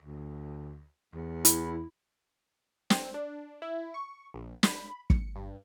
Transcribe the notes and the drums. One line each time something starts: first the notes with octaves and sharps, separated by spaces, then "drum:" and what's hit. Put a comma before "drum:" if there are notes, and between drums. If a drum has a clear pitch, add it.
D2
E2
E4, drum: hi-hat
C4, drum: snare
D4
E4
C#6
A#1
B5, drum: snare
C#7, drum: kick
G2